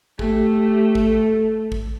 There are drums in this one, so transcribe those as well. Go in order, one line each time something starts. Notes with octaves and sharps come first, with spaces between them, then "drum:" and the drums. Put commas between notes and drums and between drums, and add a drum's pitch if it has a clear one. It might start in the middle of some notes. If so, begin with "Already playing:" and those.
A3 G4, drum: kick
G4
A4, drum: kick
drum: kick